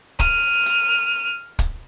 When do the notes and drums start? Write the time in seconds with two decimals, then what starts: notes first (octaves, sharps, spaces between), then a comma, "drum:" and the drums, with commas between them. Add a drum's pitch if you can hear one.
0.19 F6 D#7, drum: kick, hi-hat
0.66 drum: hi-hat
1.59 drum: kick, hi-hat